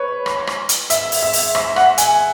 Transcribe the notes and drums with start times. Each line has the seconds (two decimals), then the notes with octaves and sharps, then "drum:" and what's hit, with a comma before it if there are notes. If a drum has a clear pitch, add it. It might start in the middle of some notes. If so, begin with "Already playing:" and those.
Already playing: B4 C#5
0.26 drum: rim click
0.47 drum: rim click
0.69 drum: hi-hat
0.90 E5, drum: hi-hat
1.12 drum: open hi-hat
1.23 E5
1.33 drum: open hi-hat
1.55 E5, drum: rim click
1.76 F#5, drum: rim click
1.98 G#5, drum: hi-hat